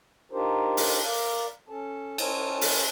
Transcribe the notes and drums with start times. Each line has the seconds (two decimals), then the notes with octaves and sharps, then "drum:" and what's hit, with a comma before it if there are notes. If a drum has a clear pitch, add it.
0.32 D4 D#4 F4 G4 A#4 C5
0.77 drum: open hi-hat
1.04 A#4 D5 F5
1.69 C#4 A4 A5
2.18 C#4 C5 C#5 G#5 A5, drum: cymbal
2.61 drum: open hi-hat